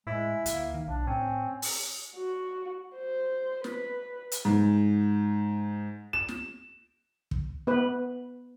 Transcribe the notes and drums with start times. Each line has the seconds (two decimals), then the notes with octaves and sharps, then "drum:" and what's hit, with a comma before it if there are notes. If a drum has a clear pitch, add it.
0.07 A2 G#3 E4
0.46 D2 A#3, drum: hi-hat
0.74 D#3
0.88 B1 D4
1.07 A2 C4 C#4
1.62 drum: open hi-hat
2.16 F#4
2.95 C5
3.64 B4, drum: snare
4.32 drum: hi-hat
4.45 G#2
6.13 E7
6.28 drum: snare
7.31 drum: kick
7.67 B3 B4